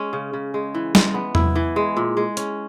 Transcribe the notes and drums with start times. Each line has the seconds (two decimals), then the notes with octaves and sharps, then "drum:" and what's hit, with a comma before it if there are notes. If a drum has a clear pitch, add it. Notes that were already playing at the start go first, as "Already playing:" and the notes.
Already playing: G#3 C#4
0.13 C#3
0.33 C#3
0.54 G#3
0.74 E3
0.95 G#3, drum: snare
1.14 B3
1.35 E4, drum: tom E2
1.56 E3
1.76 G#3
1.97 A#2
2.17 G#3
2.37 C#4, drum: hi-hat